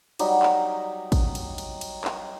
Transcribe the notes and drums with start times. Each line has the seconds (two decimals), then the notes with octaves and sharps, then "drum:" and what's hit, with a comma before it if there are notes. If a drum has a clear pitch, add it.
0.19 F#3 G3 D#4, drum: cymbal
0.43 drum: clap
1.12 drum: kick, cymbal
1.35 drum: cymbal
1.58 drum: cymbal
1.81 drum: cymbal
2.04 drum: clap